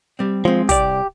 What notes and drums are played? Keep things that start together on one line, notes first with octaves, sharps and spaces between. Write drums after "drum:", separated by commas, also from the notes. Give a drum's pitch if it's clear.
G3 C4
F3 G#3 C4
C2 G4 D5, drum: kick, hi-hat